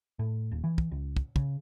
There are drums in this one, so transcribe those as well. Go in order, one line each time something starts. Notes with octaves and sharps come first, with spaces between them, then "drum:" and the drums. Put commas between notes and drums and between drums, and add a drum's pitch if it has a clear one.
A2
D#1
E3
drum: kick
C#2
drum: kick
C#3, drum: kick